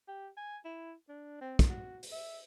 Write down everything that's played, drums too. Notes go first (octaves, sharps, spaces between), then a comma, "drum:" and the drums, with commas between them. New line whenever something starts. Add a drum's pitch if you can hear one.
G4
G#5
E4
D4
C4
drum: kick, hi-hat
F#4
drum: open hi-hat
E5